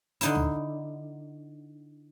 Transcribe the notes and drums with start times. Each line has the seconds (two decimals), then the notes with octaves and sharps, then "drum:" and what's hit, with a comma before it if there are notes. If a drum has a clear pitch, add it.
0.21 D3 D#4 E4, drum: hi-hat
0.35 drum: tom